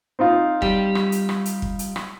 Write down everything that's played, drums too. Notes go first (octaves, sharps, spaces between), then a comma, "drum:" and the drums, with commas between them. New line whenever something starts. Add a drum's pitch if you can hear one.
C4 D#4 F4
G3 G4, drum: kick
drum: rim click
drum: hi-hat
drum: rim click
drum: hi-hat
drum: kick
drum: hi-hat
drum: rim click